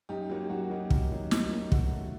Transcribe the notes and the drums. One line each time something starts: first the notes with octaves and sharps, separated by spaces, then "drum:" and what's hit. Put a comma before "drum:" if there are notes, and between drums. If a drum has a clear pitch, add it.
F#2 D#4 G4
F#3 A#3 D#4
F#2 F#4
F#3 A#3 D#4
F#2, drum: kick
F#3 A#3 D#4
F#2 D#4, drum: snare
F#3 A#3 D#4
F#2 F#4, drum: kick
D#3 A3